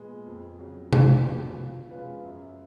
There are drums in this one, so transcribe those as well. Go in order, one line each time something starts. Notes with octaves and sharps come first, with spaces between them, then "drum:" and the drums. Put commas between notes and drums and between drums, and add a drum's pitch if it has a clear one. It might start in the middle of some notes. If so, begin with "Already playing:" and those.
Already playing: A#2 G#3 B3
F2
C#3 F#3
F3, drum: tom
B3 F#4
F3
G#3 C#4 F4 B4
F#2